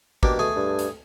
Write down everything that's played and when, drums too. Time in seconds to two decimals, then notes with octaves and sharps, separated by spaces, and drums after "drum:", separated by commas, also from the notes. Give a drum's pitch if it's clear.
0.23 B2 A#3 D4 G4, drum: kick
0.39 A3 G#4 G#5
0.56 G2
0.79 drum: hi-hat